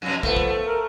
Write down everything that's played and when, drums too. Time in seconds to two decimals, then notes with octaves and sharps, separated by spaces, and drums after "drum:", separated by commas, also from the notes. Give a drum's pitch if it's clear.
0.02 F2 B2
0.23 F3 A3 B3, drum: kick
0.36 drum: kick
0.66 A#4